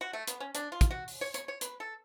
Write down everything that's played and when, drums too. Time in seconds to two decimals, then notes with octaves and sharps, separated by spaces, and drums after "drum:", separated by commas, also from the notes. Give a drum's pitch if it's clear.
0.01 F#4
0.13 A3
0.27 B3, drum: hi-hat
0.40 C#4
0.55 D4, drum: hi-hat
0.72 F4
0.81 drum: kick, hi-hat
0.91 F#4
1.08 drum: open hi-hat
1.21 C#5
1.34 C#5, drum: hi-hat
1.48 C#5
1.61 B4, drum: hi-hat
1.80 A4